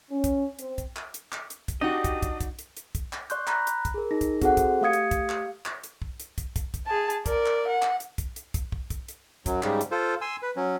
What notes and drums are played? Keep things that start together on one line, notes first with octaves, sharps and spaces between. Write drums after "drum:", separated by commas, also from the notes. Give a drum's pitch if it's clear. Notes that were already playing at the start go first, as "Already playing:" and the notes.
C#4
drum: kick, hi-hat
C4, drum: hi-hat
drum: kick, hi-hat
drum: clap
drum: hi-hat
drum: clap
drum: hi-hat
drum: kick, hi-hat
D4 D#4 F#4 G4 D#5
drum: kick, hi-hat
drum: kick, hi-hat
drum: kick, hi-hat
drum: hi-hat
drum: hi-hat
drum: kick, hi-hat
drum: clap
D5 C6 C#6 F#6 G6, drum: hi-hat
A#5 B5 F#6 A#6, drum: clap
drum: hi-hat
drum: kick, hi-hat
G#4 A#4
D#4 G#4 A#6
drum: kick, hi-hat
C4 F#4 G#4 A4 C5 F#5, drum: kick, hi-hat
drum: kick, hi-hat
A3 G4 F5 D#6 G#6 C#7
drum: hi-hat
drum: kick, hi-hat
drum: clap
drum: clap
drum: hi-hat
drum: kick
drum: hi-hat
drum: kick, hi-hat
drum: kick, hi-hat
drum: kick, hi-hat
G#4 A5
drum: hi-hat
A#4 D5, drum: kick, hi-hat
drum: clap
F#5
drum: clap
drum: hi-hat
drum: kick, hi-hat
drum: hi-hat
drum: kick, hi-hat
drum: kick
drum: kick, hi-hat
drum: hi-hat
F#2 F#3, drum: kick, hi-hat
G#2 C#3 G3, drum: clap
drum: hi-hat
F4 A4 C5
G#5 C6 E6
B4
F#3 C#4